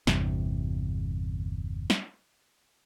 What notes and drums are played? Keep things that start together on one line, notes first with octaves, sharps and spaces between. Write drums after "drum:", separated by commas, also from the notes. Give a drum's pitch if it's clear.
G1 E2 C3, drum: snare
drum: snare